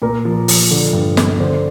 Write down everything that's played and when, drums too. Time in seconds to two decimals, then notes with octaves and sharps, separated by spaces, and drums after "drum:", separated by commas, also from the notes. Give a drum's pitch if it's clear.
0.02 A#2 A#4
0.25 F3
0.48 F3, drum: open hi-hat
0.71 D3
0.93 G2
1.17 F3, drum: snare
1.40 D3 C5